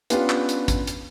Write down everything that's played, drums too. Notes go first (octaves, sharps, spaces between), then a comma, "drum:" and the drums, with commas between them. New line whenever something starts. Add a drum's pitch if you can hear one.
B3 C#4 D4 F4 G4, drum: hi-hat
drum: clap
drum: hi-hat
drum: kick, hi-hat
drum: hi-hat